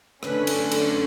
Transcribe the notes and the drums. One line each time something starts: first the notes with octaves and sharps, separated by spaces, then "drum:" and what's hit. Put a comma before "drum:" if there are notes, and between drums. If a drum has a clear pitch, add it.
F#2 D3 A3 C#4 B4, drum: rim click
drum: cymbal
drum: cymbal